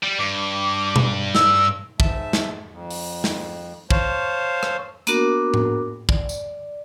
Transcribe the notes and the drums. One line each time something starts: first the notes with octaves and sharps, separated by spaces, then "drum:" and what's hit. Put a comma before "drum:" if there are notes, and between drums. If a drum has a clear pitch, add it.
G3
G2 D6
drum: tom B2
E6, drum: snare
G#2 E5 A5, drum: kick
drum: snare
F2
drum: open hi-hat
drum: snare
C5 C#5 F5 A5, drum: kick
drum: rim click
A#3 B3 D4 F#4 A#4 D6, drum: hi-hat
drum: tom A2
D5, drum: kick
drum: tambourine